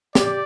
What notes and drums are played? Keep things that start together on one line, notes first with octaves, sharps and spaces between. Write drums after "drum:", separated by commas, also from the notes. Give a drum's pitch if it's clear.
G4 D5, drum: snare